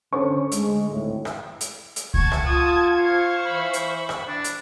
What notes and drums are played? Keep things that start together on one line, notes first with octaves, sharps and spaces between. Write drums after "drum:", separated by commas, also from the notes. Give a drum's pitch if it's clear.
D3 C#4 C5 A5 C#6
D2 G#3, drum: hi-hat
G#1 D2 A2
drum: rim click
drum: hi-hat
drum: hi-hat
F#4 A5 C#6 G#6, drum: kick C#2
drum: rim click
F4 D#6
C5 F5 C#6
E3 B5
drum: hi-hat
drum: rim click
D4
drum: hi-hat